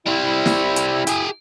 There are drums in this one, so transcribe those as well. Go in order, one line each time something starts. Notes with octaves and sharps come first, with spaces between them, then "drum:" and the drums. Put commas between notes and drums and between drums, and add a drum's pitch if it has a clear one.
G3 C4 E4
drum: snare
drum: hi-hat
G4 G#4, drum: hi-hat